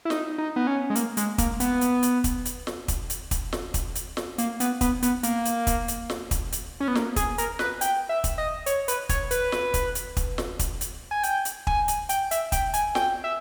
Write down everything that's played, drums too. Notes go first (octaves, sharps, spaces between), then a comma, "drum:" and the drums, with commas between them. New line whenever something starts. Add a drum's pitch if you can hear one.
E4
D#4, drum: snare
D#4
B3
C#4
G#3
A#3, drum: hi-hat
G#3, drum: hi-hat
A#3, drum: kick, hi-hat
B3, drum: hi-hat
drum: hi-hat
drum: hi-hat
drum: kick, hi-hat
drum: hi-hat
drum: snare
drum: kick, hi-hat
drum: hi-hat
drum: kick, hi-hat
drum: snare
drum: kick, hi-hat
drum: hi-hat
drum: snare
A#3, drum: hi-hat
B3, drum: hi-hat
B3, drum: kick, hi-hat
B3, drum: hi-hat
A#3, drum: hi-hat
drum: hi-hat
drum: kick, hi-hat
drum: hi-hat
drum: snare
drum: kick, hi-hat
drum: hi-hat
C#4
B3
A#3, drum: snare
G#4, drum: kick, hi-hat
A#4, drum: hi-hat
B4, drum: snare
G5, drum: hi-hat
E5
drum: kick, hi-hat
D#5
C#5, drum: hi-hat
B4, drum: hi-hat
C#5, drum: kick, hi-hat
B4, drum: hi-hat
drum: snare
drum: kick, hi-hat
drum: hi-hat
drum: kick, hi-hat
drum: snare
drum: kick, hi-hat
drum: hi-hat
G#5
G5, drum: hi-hat
drum: hi-hat
G#5, drum: kick
drum: hi-hat
G5, drum: hi-hat
E5, drum: hi-hat
G5, drum: kick, hi-hat
G#5, drum: hi-hat
G5, drum: snare
E5